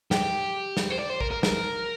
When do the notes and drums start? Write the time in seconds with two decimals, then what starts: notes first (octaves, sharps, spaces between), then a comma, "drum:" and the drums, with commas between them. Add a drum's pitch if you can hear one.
0.11 G4, drum: snare
0.77 drum: snare
0.90 C5
0.99 D5
1.10 C5
1.20 A#4, drum: kick A#1
1.31 A#4
1.43 A#4, drum: snare